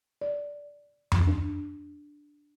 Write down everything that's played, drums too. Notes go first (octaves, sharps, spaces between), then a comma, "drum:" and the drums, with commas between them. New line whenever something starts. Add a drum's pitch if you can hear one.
D5
drum: tom F2
D4